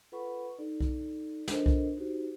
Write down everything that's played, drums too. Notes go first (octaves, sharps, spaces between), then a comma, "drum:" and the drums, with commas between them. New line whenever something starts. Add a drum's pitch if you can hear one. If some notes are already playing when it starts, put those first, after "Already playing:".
F4 A4 B4 F#5 B5 C#6
D#4 A4 D5
drum: kick B1
D4 F4 A4 A#4 C5 D#5, drum: snare
drum: kick B1
D#4 F#4 G4 C5